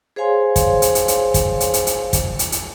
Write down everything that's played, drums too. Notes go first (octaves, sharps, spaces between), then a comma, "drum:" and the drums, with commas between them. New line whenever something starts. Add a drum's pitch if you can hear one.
G#4 C5 C#5 F5 G#5 C6
drum: kick, hi-hat
drum: hi-hat
drum: hi-hat
drum: hi-hat
drum: kick, hi-hat
drum: hi-hat
drum: hi-hat
drum: hi-hat
drum: kick, hi-hat
drum: hi-hat
drum: hi-hat